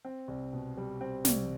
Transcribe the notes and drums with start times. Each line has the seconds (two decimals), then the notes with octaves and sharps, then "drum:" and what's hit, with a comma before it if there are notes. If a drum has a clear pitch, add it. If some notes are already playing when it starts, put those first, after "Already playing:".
0.05 C4
0.28 C2
0.53 B2
0.77 G3
1.01 C4
1.25 C2, drum: snare